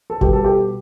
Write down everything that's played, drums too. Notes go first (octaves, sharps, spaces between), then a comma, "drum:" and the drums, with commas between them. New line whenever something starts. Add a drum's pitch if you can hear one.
A4
B2 G3 B3 G4, drum: kick G1
A4
G4